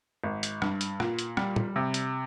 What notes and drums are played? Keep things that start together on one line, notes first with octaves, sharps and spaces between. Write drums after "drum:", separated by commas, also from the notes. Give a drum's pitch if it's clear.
G#1
drum: hi-hat
G2, drum: rim click
drum: hi-hat
A#2, drum: rim click
drum: hi-hat
G3, drum: rim click
drum: tom
C3
drum: hi-hat